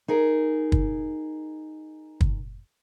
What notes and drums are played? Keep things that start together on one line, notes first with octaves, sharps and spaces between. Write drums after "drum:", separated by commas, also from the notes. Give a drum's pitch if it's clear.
D#4 G#4 A#4
drum: kick
drum: kick